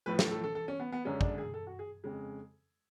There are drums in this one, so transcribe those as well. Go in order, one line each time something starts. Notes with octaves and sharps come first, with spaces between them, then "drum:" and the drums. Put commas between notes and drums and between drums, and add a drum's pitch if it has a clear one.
A2 F3 A3 B4
A4, drum: snare
A4
A4
A4
C#4
B3
B3
F#2 D3 G#3 C#4
D4, drum: kick
G#4
A4
F#4
G#4
F2 C#3 G#3